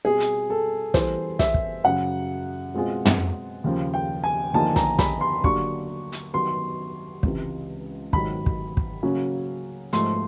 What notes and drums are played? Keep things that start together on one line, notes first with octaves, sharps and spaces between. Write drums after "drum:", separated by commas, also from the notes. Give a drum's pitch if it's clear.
B2 G3 C4 G#4
drum: hi-hat
A4
E3 G3 B3 E4 G#4 C5, drum: snare
E5, drum: snare
drum: kick
F#2 C#3 F#3 F#5
B2 G#3 C4 F4 G#4
drum: tom
D#2 C#3 F3
G5
G#5
D#2 D3 F3 A#3 D#4 A5
A#5, drum: snare
B5, drum: snare
C6
D3 F#3 A#3 D4 G4 C#6, drum: kick
drum: hi-hat
D#3 F#3 B3 C6
C#2 C3 E3, drum: kick
G#2 D#3 F#3 B5, drum: kick
drum: kick
drum: kick
C#3 F#3 A#3 C#4 F#4
G#2 F3 A3 C6, drum: hi-hat